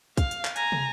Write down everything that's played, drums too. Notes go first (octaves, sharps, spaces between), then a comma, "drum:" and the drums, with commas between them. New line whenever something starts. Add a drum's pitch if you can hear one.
F5, drum: kick, hi-hat
drum: hi-hat
drum: clap
G#5 A#5, drum: hi-hat
drum: tom